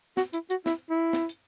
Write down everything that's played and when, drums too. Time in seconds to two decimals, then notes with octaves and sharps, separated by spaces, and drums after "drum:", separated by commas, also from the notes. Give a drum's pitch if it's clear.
0.17 F#4, drum: snare
0.33 E4, drum: hi-hat
0.50 F#4, drum: hi-hat
0.66 E4, drum: snare
0.90 E4
1.13 drum: snare
1.29 drum: hi-hat